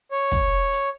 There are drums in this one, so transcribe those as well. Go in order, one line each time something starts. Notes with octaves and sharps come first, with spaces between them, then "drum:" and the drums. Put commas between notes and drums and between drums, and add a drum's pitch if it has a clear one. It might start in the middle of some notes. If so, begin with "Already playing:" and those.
C#5
drum: kick, hi-hat
drum: hi-hat